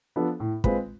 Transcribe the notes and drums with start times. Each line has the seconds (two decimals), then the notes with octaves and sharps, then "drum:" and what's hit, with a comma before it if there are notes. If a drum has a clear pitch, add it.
0.16 F3 B3 D4 A4
0.40 A2
0.64 G#3 C4 F4 B4, drum: kick